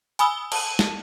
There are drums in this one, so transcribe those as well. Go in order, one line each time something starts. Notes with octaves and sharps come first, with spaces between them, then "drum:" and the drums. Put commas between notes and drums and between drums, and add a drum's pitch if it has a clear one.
G#5 B5 D#6 E6 G7, drum: hi-hat
A5 D#7, drum: cymbal
drum: snare